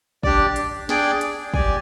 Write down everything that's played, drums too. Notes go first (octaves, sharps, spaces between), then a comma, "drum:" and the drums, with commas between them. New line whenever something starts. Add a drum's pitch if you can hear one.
D4 G4 D5, drum: kick
drum: hi-hat
D4 G#4 D5 G5, drum: snare
drum: hi-hat
G4 D5 G#5, drum: kick